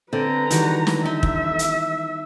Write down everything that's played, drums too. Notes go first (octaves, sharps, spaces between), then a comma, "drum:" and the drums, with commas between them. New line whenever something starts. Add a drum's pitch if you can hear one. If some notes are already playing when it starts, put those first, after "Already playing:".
D3 C4 B4 A#5
D#3 E3 G3 F#4, drum: hi-hat
drum: snare
D#4 E5
drum: kick
drum: hi-hat